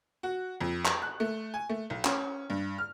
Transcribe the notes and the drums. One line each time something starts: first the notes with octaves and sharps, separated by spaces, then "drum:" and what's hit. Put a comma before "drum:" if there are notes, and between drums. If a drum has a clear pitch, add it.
F#4
F2
drum: clap
F#6
A3
G#5
A3
B1
C#4, drum: clap
G2
F6